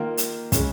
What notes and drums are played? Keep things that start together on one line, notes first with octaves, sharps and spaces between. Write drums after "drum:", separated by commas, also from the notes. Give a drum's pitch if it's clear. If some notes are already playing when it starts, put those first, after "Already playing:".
Already playing: D#3 A#3 F4 A#4
drum: hi-hat
C#3 G#3 C#4, drum: kick, hi-hat